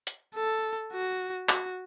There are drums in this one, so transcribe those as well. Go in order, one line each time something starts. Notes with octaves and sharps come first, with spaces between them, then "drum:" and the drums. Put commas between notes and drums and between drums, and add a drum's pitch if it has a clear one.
drum: hi-hat
A4
F#4
F#4, drum: clap